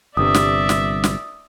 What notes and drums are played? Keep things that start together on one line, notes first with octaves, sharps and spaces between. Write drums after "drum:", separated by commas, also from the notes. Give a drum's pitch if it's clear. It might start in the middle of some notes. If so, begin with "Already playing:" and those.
G1 G2 C3 D5 E5 D#6
drum: snare
drum: snare
drum: snare